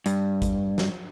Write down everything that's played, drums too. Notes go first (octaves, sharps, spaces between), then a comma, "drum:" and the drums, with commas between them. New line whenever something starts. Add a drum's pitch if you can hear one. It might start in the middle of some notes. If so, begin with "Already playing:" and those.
G2, drum: hi-hat
drum: kick G#1, hi-hat
drum: snare